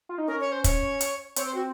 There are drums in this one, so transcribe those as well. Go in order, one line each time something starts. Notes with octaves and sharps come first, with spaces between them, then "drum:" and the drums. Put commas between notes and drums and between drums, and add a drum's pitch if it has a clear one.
F4
D#4
C#4 A#4
C#5
C5
C#5, drum: kick, hi-hat
drum: hi-hat
C4 C#5, drum: hi-hat
C5
F#4